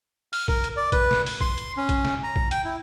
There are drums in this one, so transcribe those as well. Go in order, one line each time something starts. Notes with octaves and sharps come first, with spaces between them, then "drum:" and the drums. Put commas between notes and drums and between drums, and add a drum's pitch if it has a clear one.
F6, drum: open hi-hat
A#4, drum: kick A#1
drum: hi-hat
D5
B4, drum: kick A#1, hi-hat
drum: snare
drum: open hi-hat
C6, drum: kick A#1
drum: hi-hat
C#4
drum: kick A#1, hi-hat
drum: snare
A#5
drum: kick A#1
G5, drum: hi-hat
E4